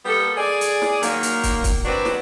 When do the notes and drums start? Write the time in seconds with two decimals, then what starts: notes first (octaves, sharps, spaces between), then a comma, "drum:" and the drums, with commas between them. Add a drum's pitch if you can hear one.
0.05 G3 A#3 B3 G4 A4
0.38 G#4 D5
0.61 drum: hi-hat
0.82 drum: snare
1.02 D#3 F#3 A#3, drum: hi-hat
1.23 drum: hi-hat
1.43 drum: kick, hi-hat
1.64 drum: kick, hi-hat
1.85 F#3 C4 D4 F#4 B4
2.05 drum: snare